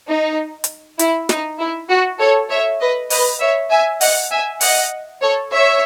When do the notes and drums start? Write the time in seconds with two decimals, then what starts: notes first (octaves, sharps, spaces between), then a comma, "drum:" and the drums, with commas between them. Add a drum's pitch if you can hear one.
0.09 D#4
0.64 drum: hi-hat
0.99 E4, drum: hi-hat
1.29 D#4, drum: snare
1.59 E4
1.89 F#4
2.19 A4 C#5
2.50 C#5 E5
2.80 B4 D#5
3.10 B4 D#5, drum: open hi-hat
3.40 C#5 E5
3.70 E5 G#5
4.01 D#5 F#5, drum: open hi-hat
4.31 E5 G#5
4.61 D#5 F#5, drum: open hi-hat
5.21 A4 C#5
5.51 C#5 E5